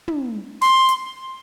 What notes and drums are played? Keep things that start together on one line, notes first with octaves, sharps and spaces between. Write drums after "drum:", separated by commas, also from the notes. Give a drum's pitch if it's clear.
drum: tom
C6, drum: open hi-hat
drum: hi-hat